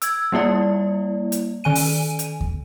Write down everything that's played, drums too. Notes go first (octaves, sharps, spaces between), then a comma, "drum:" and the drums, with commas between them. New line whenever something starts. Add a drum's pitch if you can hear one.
E6 G#6, drum: hi-hat
G3 A#3 E4 D5
drum: hi-hat
D#3 G#5 D#7
drum: open hi-hat
drum: hi-hat
drum: kick D#2